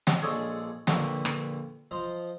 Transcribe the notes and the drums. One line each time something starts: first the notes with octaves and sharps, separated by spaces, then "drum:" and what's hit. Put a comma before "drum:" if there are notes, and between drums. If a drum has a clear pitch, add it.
drum: snare
A#1 G#3 D4 G#4 A4 C#5
A#1 D3 A#3 B4 G5 C#6, drum: snare
drum: rim click
F3 C5 D#5 A#5